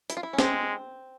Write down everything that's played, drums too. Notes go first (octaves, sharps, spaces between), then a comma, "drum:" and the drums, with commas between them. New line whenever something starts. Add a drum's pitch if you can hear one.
E4, drum: hi-hat
F4
E4
C#4
G#3 C4, drum: snare